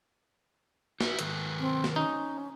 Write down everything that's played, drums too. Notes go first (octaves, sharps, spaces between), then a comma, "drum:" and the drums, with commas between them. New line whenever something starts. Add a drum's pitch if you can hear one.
D#4 F#4 E5, drum: snare
D#3 A4 B4, drum: hi-hat
C4
drum: snare
C#4 D#4